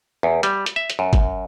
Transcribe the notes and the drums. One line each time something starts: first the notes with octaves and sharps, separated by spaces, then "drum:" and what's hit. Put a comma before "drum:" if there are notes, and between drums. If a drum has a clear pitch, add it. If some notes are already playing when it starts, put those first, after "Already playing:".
E2
G3, drum: hi-hat
drum: hi-hat
E5
drum: hi-hat
F#2
drum: kick G1, hi-hat